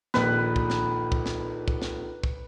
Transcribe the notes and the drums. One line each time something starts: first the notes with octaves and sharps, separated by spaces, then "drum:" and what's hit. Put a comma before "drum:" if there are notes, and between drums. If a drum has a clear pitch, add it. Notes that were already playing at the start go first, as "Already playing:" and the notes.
A#1 D#2 A#2 D#4 F4 A4 B4, drum: snare
drum: kick
drum: snare
drum: kick
drum: snare
drum: kick
drum: snare
drum: kick